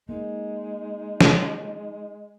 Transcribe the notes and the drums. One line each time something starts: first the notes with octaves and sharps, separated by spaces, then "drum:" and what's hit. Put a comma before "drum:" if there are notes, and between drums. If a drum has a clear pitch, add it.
G#3 A#3 D#4
drum: snare